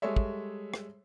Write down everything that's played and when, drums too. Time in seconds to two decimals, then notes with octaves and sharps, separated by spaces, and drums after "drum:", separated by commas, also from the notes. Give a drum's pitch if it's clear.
0.02 G3 G#3 G#4 A4 C#5 E5
0.16 drum: kick
0.74 drum: rim click